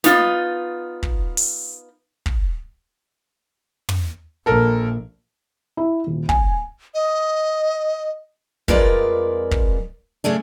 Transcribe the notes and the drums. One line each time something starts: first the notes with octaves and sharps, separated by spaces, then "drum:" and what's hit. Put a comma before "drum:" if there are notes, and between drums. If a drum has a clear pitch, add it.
B3 D#4 F4, drum: snare
drum: kick
drum: open hi-hat
drum: kick
drum: tom
A#1 A4 A#4
E4
D#1
G#5, drum: kick
D#5
F2 G#3 F4 A#4 B4 D5, drum: kick
drum: kick
C#3 G#3 A3 D4